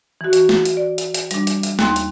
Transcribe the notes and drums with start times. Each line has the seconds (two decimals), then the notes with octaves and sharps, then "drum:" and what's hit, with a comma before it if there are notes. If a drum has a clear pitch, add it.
0.21 E3 F#4
0.33 drum: hi-hat
0.49 drum: snare
0.65 drum: hi-hat
0.77 D5
0.98 drum: hi-hat
1.14 drum: hi-hat
1.31 G3 D4, drum: hi-hat
1.47 drum: hi-hat
1.63 drum: hi-hat
1.79 D#2 A#3 C6, drum: snare
1.96 drum: hi-hat